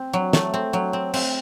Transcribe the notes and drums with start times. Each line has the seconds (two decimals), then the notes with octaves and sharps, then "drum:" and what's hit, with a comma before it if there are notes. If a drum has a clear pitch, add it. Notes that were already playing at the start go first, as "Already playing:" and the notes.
Already playing: C4
0.13 F#3
0.33 A3, drum: snare
0.54 C4
0.73 F#3
0.93 C4
1.14 C4, drum: cymbal